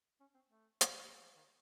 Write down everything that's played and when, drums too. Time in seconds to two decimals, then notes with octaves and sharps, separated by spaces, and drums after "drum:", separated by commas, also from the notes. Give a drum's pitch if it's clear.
0.21 C#4
0.35 C4
0.49 A3
0.81 drum: hi-hat
0.94 F3
1.07 F#3
1.22 F3
1.36 D#3